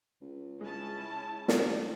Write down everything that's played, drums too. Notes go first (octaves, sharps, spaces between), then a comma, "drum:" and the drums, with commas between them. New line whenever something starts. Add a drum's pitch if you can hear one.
C#2
G#3 C#4 E4 A5
G2, drum: snare